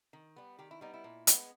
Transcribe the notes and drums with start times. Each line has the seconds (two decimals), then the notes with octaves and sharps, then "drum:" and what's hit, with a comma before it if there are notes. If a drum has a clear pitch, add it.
0.13 D#3
0.36 G3 B3
0.59 D#3 G4
0.71 E4
0.81 G3 B3 D#4
0.94 E4
1.04 A#2
1.27 G#3 B3, drum: hi-hat